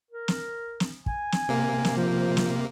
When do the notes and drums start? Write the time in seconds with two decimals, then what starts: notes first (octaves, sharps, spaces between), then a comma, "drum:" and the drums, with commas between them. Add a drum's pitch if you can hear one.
0.11 A#4
0.28 drum: snare
0.80 drum: snare
1.06 G#5, drum: kick
1.32 drum: snare
1.49 C3 A#3
1.85 drum: snare
1.97 F3 C5
2.37 drum: snare